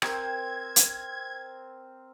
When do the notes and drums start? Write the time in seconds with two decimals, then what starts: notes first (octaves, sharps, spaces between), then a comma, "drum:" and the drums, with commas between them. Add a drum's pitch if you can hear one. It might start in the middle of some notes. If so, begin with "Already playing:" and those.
0.02 C4 A#4 C5 G#6, drum: rim click
0.76 drum: hi-hat